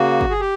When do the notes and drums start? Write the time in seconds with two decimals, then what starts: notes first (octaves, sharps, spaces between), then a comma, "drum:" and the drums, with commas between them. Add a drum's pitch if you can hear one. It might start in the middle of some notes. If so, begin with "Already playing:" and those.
Already playing: C#3 A#3 F#4
0.21 drum: kick
0.30 G#4
0.40 G4